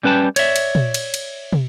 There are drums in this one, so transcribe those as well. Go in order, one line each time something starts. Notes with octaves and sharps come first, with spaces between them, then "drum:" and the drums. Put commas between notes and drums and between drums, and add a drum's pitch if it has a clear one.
G3 C#4 B4 G5 A5
C#5 D5 E5, drum: cymbal
drum: cymbal
drum: tom A#2
drum: cymbal
drum: cymbal
drum: tom